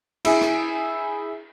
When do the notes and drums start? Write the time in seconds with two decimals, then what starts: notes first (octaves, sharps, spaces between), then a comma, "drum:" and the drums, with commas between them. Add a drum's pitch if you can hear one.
0.25 E4 G#4, drum: cymbal
0.41 drum: rim click